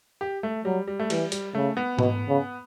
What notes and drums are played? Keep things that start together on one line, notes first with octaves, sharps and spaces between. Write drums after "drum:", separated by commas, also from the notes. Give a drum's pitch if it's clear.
G4
A3
F#3 G3
G3
A3
E3 G3, drum: cymbal
G3, drum: hi-hat
C#3 A3
B3
B2, drum: tom G#2
C#3